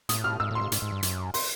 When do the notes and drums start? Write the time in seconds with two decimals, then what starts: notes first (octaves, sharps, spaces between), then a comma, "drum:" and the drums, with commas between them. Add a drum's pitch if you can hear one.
0.09 A2 D#6, drum: hi-hat
0.24 F6
0.40 G#2 E6
0.51 A2
0.55 C6
0.61 G#2
0.72 G#2, drum: hi-hat
0.82 G#2
0.92 G2
1.03 F#2, drum: hi-hat
1.34 C6, drum: open hi-hat